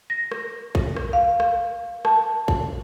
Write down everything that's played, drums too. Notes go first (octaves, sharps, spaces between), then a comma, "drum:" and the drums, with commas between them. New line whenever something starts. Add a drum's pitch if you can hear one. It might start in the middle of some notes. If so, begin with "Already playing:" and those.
A#6
drum: rim click
drum: kick
drum: rim click
F5
drum: rim click
A5, drum: rim click
drum: kick